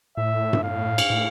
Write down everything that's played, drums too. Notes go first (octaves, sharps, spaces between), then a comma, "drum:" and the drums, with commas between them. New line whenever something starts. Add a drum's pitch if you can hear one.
A2 E5
drum: tom G2
F5
drum: cymbal
A2